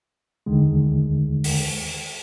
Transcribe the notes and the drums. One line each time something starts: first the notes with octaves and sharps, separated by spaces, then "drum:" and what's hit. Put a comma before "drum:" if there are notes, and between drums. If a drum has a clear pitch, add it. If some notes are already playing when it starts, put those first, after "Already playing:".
D#2 D3 D#3 G#3
drum: open hi-hat